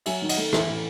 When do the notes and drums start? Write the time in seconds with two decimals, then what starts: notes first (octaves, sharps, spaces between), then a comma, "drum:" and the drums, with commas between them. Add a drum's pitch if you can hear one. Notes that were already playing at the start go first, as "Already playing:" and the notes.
0.06 F#3 E5 G#5, drum: cymbal
0.22 D#3
0.29 D#5 F#5, drum: cymbal
0.38 A3
0.53 E3 E5, drum: rim click
0.68 A2